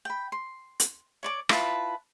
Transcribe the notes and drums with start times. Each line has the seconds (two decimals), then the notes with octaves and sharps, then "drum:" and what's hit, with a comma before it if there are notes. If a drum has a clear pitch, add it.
0.05 G5 B5
0.32 C6
0.80 drum: hi-hat
1.23 C#5 D5 D6
1.49 E4 F4 B4 A5, drum: rim click